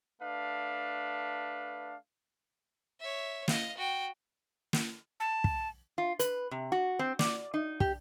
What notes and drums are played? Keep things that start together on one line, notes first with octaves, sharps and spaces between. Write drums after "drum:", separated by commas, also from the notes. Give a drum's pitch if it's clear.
A3 D4 B4 F5
C#5 E5
D#5 F5, drum: snare
F#4 G5
drum: snare
A5
drum: kick
F4
B4, drum: hi-hat
C3
F#4
C4
D5, drum: snare
D#4
G4, drum: kick